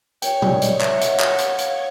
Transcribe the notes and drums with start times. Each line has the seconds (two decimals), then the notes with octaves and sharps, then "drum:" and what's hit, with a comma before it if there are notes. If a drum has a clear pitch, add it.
0.22 C#5 G5, drum: hi-hat
0.42 D5, drum: tom A#2
0.62 D#5, drum: hi-hat
0.81 E5, drum: clap
1.01 F#5, drum: hi-hat
1.09 F5
1.20 drum: clap
1.38 F#5, drum: hi-hat
1.58 F5, drum: hi-hat